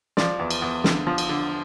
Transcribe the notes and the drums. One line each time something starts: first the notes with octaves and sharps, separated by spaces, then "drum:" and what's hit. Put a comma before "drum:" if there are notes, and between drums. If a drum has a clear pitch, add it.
F3 D5, drum: snare
E2
drum: cymbal
E2
D3, drum: snare
F3
drum: cymbal
D3